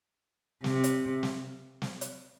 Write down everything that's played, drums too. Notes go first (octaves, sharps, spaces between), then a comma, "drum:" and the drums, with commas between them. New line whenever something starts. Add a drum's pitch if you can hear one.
C3, drum: snare
drum: hi-hat
drum: snare
drum: snare
drum: hi-hat